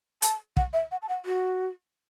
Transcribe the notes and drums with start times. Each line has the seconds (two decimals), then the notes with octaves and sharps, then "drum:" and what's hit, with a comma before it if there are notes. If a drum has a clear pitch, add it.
0.22 A5, drum: hi-hat
0.57 F#5, drum: kick
0.73 E5
0.91 F#5
1.02 A5
1.09 F#5
1.26 F#4